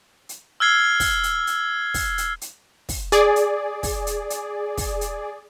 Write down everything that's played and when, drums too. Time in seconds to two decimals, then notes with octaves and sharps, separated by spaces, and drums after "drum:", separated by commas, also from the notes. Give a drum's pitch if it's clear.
0.29 drum: hi-hat
0.60 E6 F6 G#6 C7 G7
1.00 drum: kick, open hi-hat
1.23 drum: hi-hat
1.47 drum: hi-hat
1.94 drum: kick, open hi-hat
2.18 drum: hi-hat
2.41 drum: hi-hat
2.89 drum: kick, open hi-hat
3.12 G#4 D5, drum: hi-hat
3.36 drum: hi-hat
3.83 drum: kick, open hi-hat
4.07 drum: hi-hat
4.30 drum: hi-hat
4.77 drum: kick, open hi-hat
5.01 drum: hi-hat